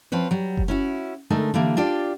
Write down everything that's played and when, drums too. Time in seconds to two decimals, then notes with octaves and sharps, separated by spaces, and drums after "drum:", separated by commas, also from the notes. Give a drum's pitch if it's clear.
0.12 F3 C4 B4 C#5
0.31 F#3 G3
0.57 drum: kick F#1
0.68 C#4 E4 F#4
1.30 D3 G#3 A3 D#4 A#4
1.54 D3 E3 G3 A#3
1.77 D4 F4 G4 D5